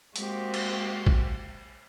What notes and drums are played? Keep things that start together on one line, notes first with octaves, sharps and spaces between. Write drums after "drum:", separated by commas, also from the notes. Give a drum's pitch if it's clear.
G#3 A#3 C4 F#4 G4, drum: hi-hat
drum: cymbal
drum: kick A1